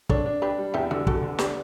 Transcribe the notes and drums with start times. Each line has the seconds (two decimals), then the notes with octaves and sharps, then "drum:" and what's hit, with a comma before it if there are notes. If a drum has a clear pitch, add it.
0.09 D4 A4 C#5, drum: kick
0.26 D4
0.42 D4 G4 B4
0.58 G3
0.74 E2 E4 G4
0.91 D3 D4 F#4
1.07 D3 F#4 A4, drum: kick
1.23 D3
1.38 D4 G4 B4, drum: snare